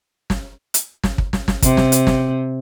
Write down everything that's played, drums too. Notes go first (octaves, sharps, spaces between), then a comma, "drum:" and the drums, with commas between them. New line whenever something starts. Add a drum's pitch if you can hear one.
drum: snare
drum: hi-hat
drum: snare
drum: kick
drum: snare
drum: snare
C3, drum: kick, hi-hat
drum: snare
drum: hi-hat
drum: snare